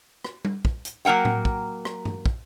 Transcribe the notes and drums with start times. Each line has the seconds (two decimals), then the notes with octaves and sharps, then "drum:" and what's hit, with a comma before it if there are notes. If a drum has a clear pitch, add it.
0.25 drum: rim click
0.45 drum: tom G3
0.65 drum: kick
0.85 drum: hi-hat
1.05 F#3 A#3 A#4 F#5 G5
1.25 drum: tom A2
1.45 drum: kick
1.85 drum: rim click
2.05 drum: tom G2
2.26 drum: kick